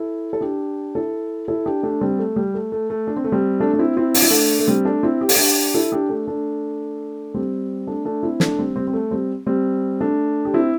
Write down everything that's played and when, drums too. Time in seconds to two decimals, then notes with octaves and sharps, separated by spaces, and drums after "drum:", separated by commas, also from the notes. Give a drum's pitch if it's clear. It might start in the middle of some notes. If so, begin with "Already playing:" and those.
Already playing: E4 A4
0.33 A4
0.41 D4 G4
0.95 E4 A4
1.48 E4 A4
1.66 D4 G4
1.83 A3 D4
2.01 G3 C4
2.19 A3
2.36 G3
2.54 A3
2.72 A3
2.90 A3
3.07 D4
3.17 C4
3.24 A3
3.32 G3 C4
3.60 A3 D4
3.74 D4
3.79 C4 E4
3.97 C4 E4
4.14 D4, drum: open hi-hat
4.22 E4
4.30 A3 D4
4.59 A3
4.67 G3 C4
4.85 A3 D4
5.03 C4 E4
5.21 G4
5.29 A4, drum: open hi-hat
5.36 D4 G4
5.74 E4 A4
5.92 D4 G4
6.09 A3 D4
6.27 A3 D4
7.34 G3 C4
7.87 A3 D4
8.05 A3 D4
8.23 C4 E4
8.40 A3 D4, drum: snare
8.59 G3 C4
8.76 G3 C4
8.88 C4
8.93 A3
9.11 G3 C4
9.46 G3 C4
10.01 A3 D4
10.45 G4
10.54 C4 E4